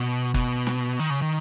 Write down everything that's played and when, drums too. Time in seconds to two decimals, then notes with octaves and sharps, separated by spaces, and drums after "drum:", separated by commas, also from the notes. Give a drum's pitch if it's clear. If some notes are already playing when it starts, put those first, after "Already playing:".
Already playing: B2
0.34 B2, drum: kick F#1, hi-hat
0.67 drum: snare
1.00 D#3, drum: hi-hat
1.10 C#3
1.22 D#3